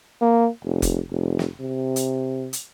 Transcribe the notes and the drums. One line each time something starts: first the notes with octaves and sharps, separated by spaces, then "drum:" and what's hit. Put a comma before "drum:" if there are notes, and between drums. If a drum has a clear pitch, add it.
A#3
F1
drum: kick F1, hi-hat
F1
drum: snare
C3
drum: hi-hat
drum: hi-hat